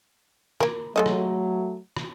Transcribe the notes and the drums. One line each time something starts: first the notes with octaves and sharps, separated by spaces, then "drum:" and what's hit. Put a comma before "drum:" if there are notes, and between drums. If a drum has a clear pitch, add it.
A#3 A#4, drum: rim click
F#3 G#3 A3 A4 D#5
drum: rim click
drum: rim click